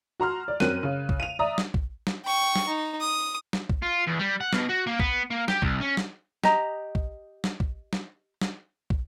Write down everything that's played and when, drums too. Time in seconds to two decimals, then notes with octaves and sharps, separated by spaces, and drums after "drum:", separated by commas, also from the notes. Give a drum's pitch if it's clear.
0.20 F#4 A#5 C6 F6
0.48 D5
0.60 F#2 C4 A#4 F#6 D#7, drum: snare
0.83 C#3
1.09 drum: kick
1.20 D#7 F7
1.39 D5 E5 A#5 D#6
1.58 drum: snare
1.74 drum: kick
2.07 drum: snare
2.25 G5 C#6
2.56 drum: snare
2.67 D#4
3.01 D#6
3.53 drum: snare
3.69 drum: kick
3.83 F4
4.07 E2
4.20 G3
4.41 F#5
4.53 B2, drum: snare
4.69 F#4
4.87 A#3
4.99 B3, drum: kick
5.31 A#3
5.48 G4, drum: snare
5.62 C2, drum: kick
5.81 C#4
5.97 drum: snare
6.44 G4 D#5 A#5, drum: snare
6.95 drum: kick
7.44 drum: snare
7.60 drum: kick
7.93 drum: snare
8.41 drum: snare
8.90 drum: kick